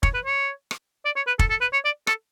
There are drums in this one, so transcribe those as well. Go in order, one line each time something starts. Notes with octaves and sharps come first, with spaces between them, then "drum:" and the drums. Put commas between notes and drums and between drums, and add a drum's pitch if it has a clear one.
C#5, drum: kick
B4
C#5
drum: rim click
D5
C#5
B4
A4, drum: kick
A4
B4
C#5
D5
A4, drum: rim click